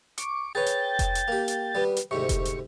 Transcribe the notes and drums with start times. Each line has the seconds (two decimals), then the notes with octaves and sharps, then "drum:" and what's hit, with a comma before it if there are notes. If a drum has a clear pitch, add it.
0.18 C#6 D6, drum: hi-hat
0.55 G#4 B4 C#5 G5 A6
0.66 drum: hi-hat
0.99 drum: kick F1, hi-hat
1.15 drum: hi-hat
1.28 A#3 G4
1.48 drum: hi-hat
1.75 G3 B3
1.97 drum: hi-hat
2.11 D2 G#2 C3 C#6
2.29 drum: kick F1, hi-hat
2.45 drum: hi-hat